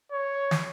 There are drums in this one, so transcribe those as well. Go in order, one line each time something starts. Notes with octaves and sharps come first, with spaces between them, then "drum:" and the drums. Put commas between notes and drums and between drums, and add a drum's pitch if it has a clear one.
C#5
drum: snare